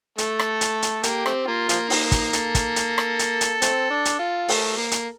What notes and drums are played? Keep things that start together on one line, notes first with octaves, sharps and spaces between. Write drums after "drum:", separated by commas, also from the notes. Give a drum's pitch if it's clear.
A3 A4, drum: hi-hat
drum: rim click
drum: hi-hat
drum: hi-hat
A#3 G4, drum: hi-hat
A3 C4, drum: rim click
A#3 F4
F3 A#3, drum: hi-hat
D#4, drum: open hi-hat
drum: kick, hi-hat
A4, drum: hi-hat
drum: kick, hi-hat
drum: hi-hat
drum: rim click
drum: hi-hat
drum: hi-hat
A3 C4, drum: hi-hat
D4
drum: hi-hat
F4
A3 A#4, drum: open hi-hat
A#3
drum: hi-hat